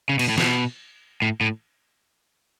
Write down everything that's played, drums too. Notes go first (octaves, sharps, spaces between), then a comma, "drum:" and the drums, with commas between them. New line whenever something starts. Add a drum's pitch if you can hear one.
C#3
B2, drum: cymbal
A2
B2, drum: snare
A2
A2